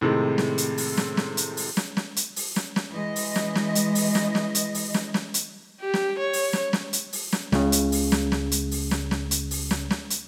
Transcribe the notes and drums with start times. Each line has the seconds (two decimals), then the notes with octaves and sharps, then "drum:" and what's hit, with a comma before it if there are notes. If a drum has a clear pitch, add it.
0.01 A2 C3 D#3 G#3
0.38 drum: snare
0.58 drum: hi-hat
0.78 drum: open hi-hat
0.97 drum: snare
1.17 drum: snare
1.37 drum: hi-hat
1.57 drum: open hi-hat
1.77 drum: snare
1.97 drum: snare
2.16 drum: hi-hat
2.36 drum: open hi-hat
2.56 drum: snare
2.76 drum: snare
2.91 E3 G#3 D#5
3.16 drum: open hi-hat
3.36 drum: snare
3.55 drum: snare
3.75 drum: hi-hat
3.95 drum: open hi-hat
4.15 drum: snare
4.35 drum: snare
4.55 drum: hi-hat
4.74 drum: open hi-hat
4.94 drum: snare
5.14 drum: snare
5.34 drum: hi-hat
5.80 G4
5.94 drum: snare
6.19 C#5
6.33 drum: open hi-hat
6.53 drum: snare
6.73 drum: snare
6.93 drum: hi-hat
7.13 drum: open hi-hat
7.32 drum: snare
7.52 C#2 C#3, drum: snare
7.72 drum: hi-hat
7.92 drum: open hi-hat
8.12 drum: snare
8.32 drum: snare
8.52 drum: hi-hat
8.71 drum: open hi-hat
8.91 drum: snare
9.11 drum: snare
9.31 drum: hi-hat
9.51 drum: open hi-hat
9.71 drum: snare
9.90 drum: snare
10.10 drum: hi-hat